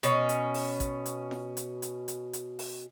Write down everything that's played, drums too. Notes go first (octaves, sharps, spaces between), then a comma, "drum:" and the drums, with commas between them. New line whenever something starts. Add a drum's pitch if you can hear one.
B2 C#4, drum: hi-hat
drum: hi-hat
drum: open hi-hat
drum: kick A1, hi-hat
drum: hi-hat
drum: snare
drum: hi-hat
drum: hi-hat
drum: hi-hat
drum: hi-hat
drum: open hi-hat